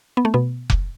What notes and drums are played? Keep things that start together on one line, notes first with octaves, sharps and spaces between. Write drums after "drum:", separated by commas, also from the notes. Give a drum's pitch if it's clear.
B3
A3
B2 B3
drum: kick F1